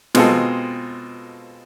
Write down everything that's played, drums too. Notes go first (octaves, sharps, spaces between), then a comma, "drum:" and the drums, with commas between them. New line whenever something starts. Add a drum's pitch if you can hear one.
B2 G#3 C4 F4 A4, drum: snare